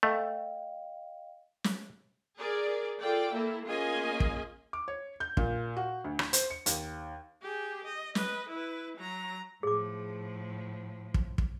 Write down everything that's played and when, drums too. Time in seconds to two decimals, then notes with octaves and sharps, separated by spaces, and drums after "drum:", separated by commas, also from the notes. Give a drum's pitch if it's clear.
0.03 A3 D#5 F5 G5
1.64 drum: snare
2.39 G#4 A#4 D5
3.00 F4 A4 D5 G5
3.34 A#3 E4 A4
3.67 A#3 C#4 F4 G#4 D#5 G#5
4.20 drum: kick
4.73 D6
4.88 C#5
5.20 G6
5.37 A#2, drum: kick
5.77 F#4
6.04 D2
6.19 drum: rim click
6.33 C5, drum: hi-hat
6.50 C#7
6.66 D#2, drum: hi-hat
7.42 G4 G#4
7.84 D#5
8.15 B4 D#5, drum: snare
8.49 E4 B4
8.97 F#3 A#5
9.63 A2 F3 G#4 D6
11.14 drum: kick
11.38 drum: kick